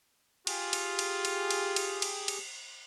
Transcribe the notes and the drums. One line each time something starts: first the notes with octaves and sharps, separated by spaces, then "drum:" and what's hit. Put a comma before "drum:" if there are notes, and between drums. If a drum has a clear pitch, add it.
F4 G4 G#4, drum: cymbal
drum: cymbal
drum: cymbal
drum: cymbal
drum: cymbal
drum: cymbal
drum: cymbal
drum: cymbal